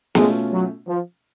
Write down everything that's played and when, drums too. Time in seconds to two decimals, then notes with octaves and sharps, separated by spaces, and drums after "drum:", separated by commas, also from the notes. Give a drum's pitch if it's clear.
0.15 B2 G#3 A3 C#4 F4, drum: snare
0.51 F#3
0.87 F3